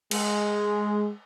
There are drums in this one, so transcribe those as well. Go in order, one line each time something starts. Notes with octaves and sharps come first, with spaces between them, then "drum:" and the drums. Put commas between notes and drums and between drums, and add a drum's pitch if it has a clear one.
G#3, drum: cymbal